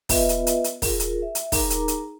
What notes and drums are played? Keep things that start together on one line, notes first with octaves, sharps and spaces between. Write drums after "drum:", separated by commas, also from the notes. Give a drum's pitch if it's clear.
B3 F4 B4 D#5 E5, drum: kick, open hi-hat
drum: hi-hat
drum: hi-hat
drum: hi-hat
F4 G#4 A#4, drum: kick, open hi-hat
drum: hi-hat
E5
drum: hi-hat
D#4 G#4 A#4 A#5 D6, drum: kick, open hi-hat
drum: hi-hat
drum: hi-hat